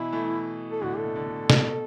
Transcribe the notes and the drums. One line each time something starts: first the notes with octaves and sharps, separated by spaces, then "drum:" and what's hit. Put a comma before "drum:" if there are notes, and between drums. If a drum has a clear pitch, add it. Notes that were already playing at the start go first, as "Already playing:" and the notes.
Already playing: B2 E3 E4
E3 A3
A4
A2 D3
F#4
A4
B2
D3
B2
B2, drum: snare